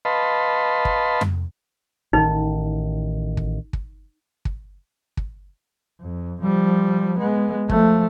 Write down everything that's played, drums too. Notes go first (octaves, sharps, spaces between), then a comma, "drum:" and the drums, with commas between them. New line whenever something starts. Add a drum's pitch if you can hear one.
B4 D#5 F5 A5 B5 C6
drum: kick
drum: tom F2
A1 D#3 D#4
drum: kick
drum: kick
drum: kick
drum: kick
F2
F3 G3
G#3 B3
F3 A3, drum: kick